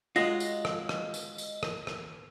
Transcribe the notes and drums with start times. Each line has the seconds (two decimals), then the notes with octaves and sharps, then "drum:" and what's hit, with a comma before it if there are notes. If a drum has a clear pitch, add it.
0.16 F#3 G#3 F4 D#5 A#6
0.40 drum: tambourine
0.65 drum: rim click
0.89 drum: rim click
1.14 drum: tambourine
1.38 drum: tambourine
1.63 drum: rim click
1.87 drum: rim click